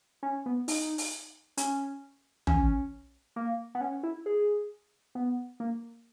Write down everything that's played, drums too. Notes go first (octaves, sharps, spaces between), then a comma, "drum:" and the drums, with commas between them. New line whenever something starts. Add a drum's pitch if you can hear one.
C#4
B3
D#4, drum: open hi-hat
drum: open hi-hat
C#4, drum: hi-hat
C#4, drum: tom
A#3
B3
C#4
E4
G#4
B3
A#3